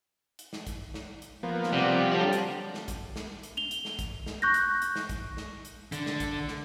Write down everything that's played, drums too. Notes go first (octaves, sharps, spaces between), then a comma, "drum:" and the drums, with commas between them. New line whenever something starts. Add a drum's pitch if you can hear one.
drum: hi-hat
drum: snare
drum: kick, hi-hat
drum: snare
drum: hi-hat
F3 A#3 B3
drum: snare
C3 F3 G3 D5 F#5
D3 F#3 D4 G4 D5
drum: hi-hat
drum: snare
drum: kick, hi-hat
drum: snare
drum: hi-hat
F7 G7
drum: hi-hat
drum: snare
drum: kick, hi-hat
drum: snare
C#6 F#6 G6 A#6
drum: hi-hat
drum: hi-hat
drum: snare
drum: kick, hi-hat
drum: snare
drum: hi-hat
D3, drum: hi-hat
drum: snare
drum: kick, hi-hat
drum: snare